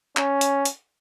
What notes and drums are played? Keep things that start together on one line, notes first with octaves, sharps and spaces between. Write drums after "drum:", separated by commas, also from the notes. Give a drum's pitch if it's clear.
C#4, drum: clap
drum: hi-hat
drum: hi-hat